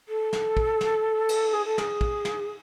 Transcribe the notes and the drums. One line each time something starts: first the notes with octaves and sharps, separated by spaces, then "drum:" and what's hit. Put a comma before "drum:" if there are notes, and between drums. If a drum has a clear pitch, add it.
A4
drum: snare
drum: kick
drum: snare
drum: cymbal
G#4
A4
G#4, drum: snare
drum: kick
drum: snare